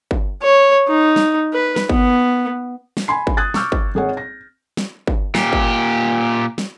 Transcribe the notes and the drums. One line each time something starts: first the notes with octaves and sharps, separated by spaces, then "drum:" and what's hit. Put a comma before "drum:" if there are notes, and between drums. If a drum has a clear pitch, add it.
drum: kick
C#5
D#4
drum: snare
B4
drum: snare
B3, drum: kick
drum: snare
G#5 B5 C6 C7
drum: kick
D#6 F#6 G#6 A6
C#6 D6 E6 F6 G6, drum: snare
drum: kick
G#1 G#4 C#5 F#5
A#6
drum: snare
drum: kick
A#2 G4, drum: snare
drum: kick
drum: snare